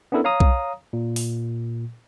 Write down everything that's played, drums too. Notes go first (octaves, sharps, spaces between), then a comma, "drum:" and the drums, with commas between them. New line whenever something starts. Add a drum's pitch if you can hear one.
B3 C#4 D4 E4 A4 A#4
C#5 F5 A#5 D#6
drum: kick B1
A#2
drum: open hi-hat